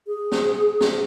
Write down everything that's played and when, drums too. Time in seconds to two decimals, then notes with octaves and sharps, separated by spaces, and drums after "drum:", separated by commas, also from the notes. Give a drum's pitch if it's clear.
0.07 G#4
0.32 drum: snare
0.81 drum: snare